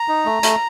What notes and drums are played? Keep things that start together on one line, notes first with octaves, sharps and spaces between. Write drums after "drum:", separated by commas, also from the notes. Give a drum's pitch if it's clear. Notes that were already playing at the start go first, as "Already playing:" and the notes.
Already playing: A#5
D#4
A3
A3, drum: hi-hat